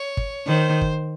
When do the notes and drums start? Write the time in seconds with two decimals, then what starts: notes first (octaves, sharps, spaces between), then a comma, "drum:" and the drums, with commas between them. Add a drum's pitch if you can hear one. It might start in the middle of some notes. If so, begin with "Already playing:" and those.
Already playing: C#5
0.17 drum: kick
0.47 D#3 C5
0.81 drum: kick